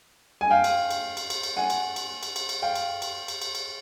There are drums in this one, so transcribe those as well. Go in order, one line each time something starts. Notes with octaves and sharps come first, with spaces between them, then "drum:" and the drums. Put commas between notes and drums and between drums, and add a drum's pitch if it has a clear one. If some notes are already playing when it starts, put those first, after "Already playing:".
G#5
F5 G5
drum: cymbal
drum: cymbal
drum: cymbal
drum: cymbal
drum: cymbal
F#5 G#5
drum: cymbal
drum: cymbal
drum: cymbal
drum: cymbal
drum: cymbal
F5 G5
drum: cymbal
drum: cymbal
drum: cymbal
drum: cymbal
drum: cymbal